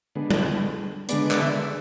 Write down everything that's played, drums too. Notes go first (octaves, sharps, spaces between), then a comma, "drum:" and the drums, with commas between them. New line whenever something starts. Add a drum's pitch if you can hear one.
D3 G#3 B3
drum: tom G3
D3 G#3 B3 D5, drum: hi-hat
D5, drum: clap
E5